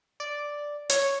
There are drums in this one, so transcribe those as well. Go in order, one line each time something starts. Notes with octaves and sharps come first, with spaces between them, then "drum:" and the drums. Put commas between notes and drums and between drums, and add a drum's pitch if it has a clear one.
D5
C#5, drum: hi-hat